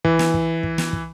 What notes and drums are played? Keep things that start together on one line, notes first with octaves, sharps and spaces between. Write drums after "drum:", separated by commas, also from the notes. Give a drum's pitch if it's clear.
E3, drum: kick
drum: snare
drum: kick
drum: kick
drum: snare
drum: kick